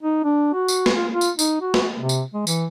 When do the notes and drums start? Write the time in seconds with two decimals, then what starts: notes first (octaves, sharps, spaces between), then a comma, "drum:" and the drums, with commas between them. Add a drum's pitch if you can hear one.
0.03 D#4
0.24 D4
0.54 F#4
0.68 drum: tambourine
0.86 drum: snare
0.95 F4
1.11 F4
1.21 drum: tambourine
1.39 D#4, drum: tambourine
1.61 F#4
1.74 drum: snare
1.99 C3
2.09 drum: tambourine
2.34 G#3
2.47 E3, drum: tambourine